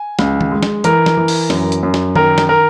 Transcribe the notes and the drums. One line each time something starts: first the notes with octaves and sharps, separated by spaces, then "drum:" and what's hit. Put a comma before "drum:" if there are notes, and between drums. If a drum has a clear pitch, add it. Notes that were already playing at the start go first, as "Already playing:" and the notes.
Already playing: G#5
C#2, drum: snare
drum: tom D#3
G#3
drum: snare
E3 A#4, drum: hi-hat
drum: snare
E3
drum: open hi-hat
F#2, drum: snare
drum: hi-hat
F#2
drum: snare
D#3 A#4, drum: tom D#3
drum: snare
A#4